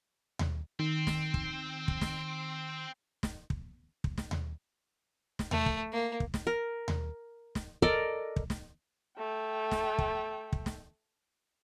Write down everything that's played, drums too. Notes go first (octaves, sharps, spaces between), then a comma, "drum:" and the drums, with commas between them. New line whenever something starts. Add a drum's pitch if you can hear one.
drum: tom D#2
D#3 C4
drum: snare
drum: kick
drum: kick
drum: snare
drum: snare
drum: kick
drum: kick
drum: snare
drum: tom D#2
drum: snare
A3, drum: tom D#2
drum: kick
A#3
drum: kick
drum: snare
A#4
drum: tom D#2
drum: snare
A4 A#4 D5 D#5, drum: kick
drum: kick
drum: snare
A3 G5
drum: snare
drum: kick
drum: kick
drum: snare